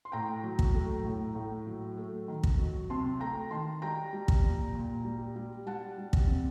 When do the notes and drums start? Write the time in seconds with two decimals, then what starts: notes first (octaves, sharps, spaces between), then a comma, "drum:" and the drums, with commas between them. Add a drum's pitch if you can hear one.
0.05 C6
0.12 A2 G5 A#5
0.43 F#3
0.59 drum: kick
0.75 A3
1.04 A2
1.35 A2
1.66 F#3
1.97 A3
2.28 D#3
2.43 drum: kick
2.58 F#3
2.90 C3 A5 C6
3.20 A3 G5 A#5
3.51 D#3 A5 C6
3.82 G3 G5 A#5
4.13 G3
4.28 drum: kick
4.44 A#2
4.75 A#2
5.05 G3
5.36 G3
5.66 G3 F#5 A5
5.98 G3
6.13 drum: kick
6.28 C3